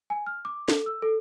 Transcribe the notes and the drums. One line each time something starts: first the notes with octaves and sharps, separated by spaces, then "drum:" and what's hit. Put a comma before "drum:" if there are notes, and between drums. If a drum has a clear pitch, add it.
G#5
F6
D6
A4, drum: snare
E6
A4